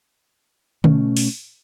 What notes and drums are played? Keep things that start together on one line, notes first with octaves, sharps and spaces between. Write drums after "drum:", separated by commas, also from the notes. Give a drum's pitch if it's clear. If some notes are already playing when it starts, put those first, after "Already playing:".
B2 A3 C#4, drum: tom D3
drum: open hi-hat